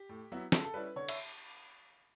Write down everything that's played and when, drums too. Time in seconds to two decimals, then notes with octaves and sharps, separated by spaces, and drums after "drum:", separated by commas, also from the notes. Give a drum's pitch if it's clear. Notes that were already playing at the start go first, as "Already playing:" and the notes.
Already playing: G4
0.09 A2
0.32 F#3 B3 E4
0.52 C#3 A4, drum: snare
0.64 A4
0.74 G3 C#4 E4 B4
0.96 D3 C#5
1.09 E5, drum: cymbal